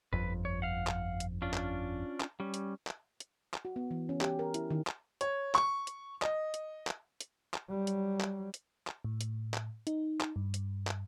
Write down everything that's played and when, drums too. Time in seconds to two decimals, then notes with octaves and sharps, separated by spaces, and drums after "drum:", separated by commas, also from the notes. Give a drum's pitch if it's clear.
0.13 G1 F2 B4
0.45 C#5
0.62 F5 F#5
0.87 drum: clap
1.20 drum: hi-hat
1.42 C#4 D4 F4
1.54 drum: clap
2.20 drum: clap
2.40 G3 C#4
2.54 drum: hi-hat
2.87 drum: clap
3.20 drum: hi-hat
3.54 drum: clap
3.65 F#4
3.76 B3
3.91 E3
4.09 C#4
4.21 G4, drum: clap
4.39 A#4
4.54 E4, drum: hi-hat
4.70 D#3
4.87 drum: clap
5.21 C#5, drum: hi-hat
5.55 C#6, drum: clap
5.87 drum: hi-hat
6.22 D#5, drum: clap
6.54 drum: hi-hat
6.87 drum: clap
7.21 drum: hi-hat
7.54 drum: clap
7.69 F#3 G3
7.87 drum: hi-hat
8.21 drum: clap
8.54 drum: hi-hat
8.87 drum: clap
9.05 A2
9.21 drum: hi-hat
9.54 drum: clap
9.87 D#4, drum: hi-hat
10.21 drum: clap
10.36 G2
10.54 drum: hi-hat
10.87 drum: clap